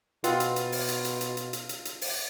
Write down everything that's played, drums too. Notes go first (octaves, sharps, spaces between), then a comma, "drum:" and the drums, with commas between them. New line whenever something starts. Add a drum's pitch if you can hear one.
B2 B3 C4 F4 F#5, drum: hi-hat
drum: hi-hat
drum: hi-hat
drum: open hi-hat
drum: hi-hat
drum: hi-hat
drum: hi-hat
drum: hi-hat
drum: hi-hat
drum: hi-hat
drum: hi-hat
drum: open hi-hat